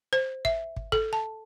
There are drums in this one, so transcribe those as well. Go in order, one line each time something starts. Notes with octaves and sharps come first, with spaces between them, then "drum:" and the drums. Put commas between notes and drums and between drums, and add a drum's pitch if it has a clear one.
C5
E5, drum: kick
drum: kick
A4, drum: kick
A5